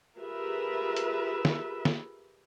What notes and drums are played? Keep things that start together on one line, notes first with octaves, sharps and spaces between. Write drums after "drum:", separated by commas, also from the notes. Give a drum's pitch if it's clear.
F4 G4 G#4 A#4 B4 E5
drum: hi-hat
drum: snare
drum: snare